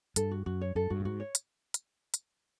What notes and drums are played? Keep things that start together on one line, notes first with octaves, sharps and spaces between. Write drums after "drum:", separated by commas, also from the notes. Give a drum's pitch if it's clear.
G2 A4, drum: hi-hat
F#4
F#2 F#4
C#5
F#2 A4
G2 F#4
A2
G#2 F#4
C#5
drum: hi-hat
drum: hi-hat
drum: hi-hat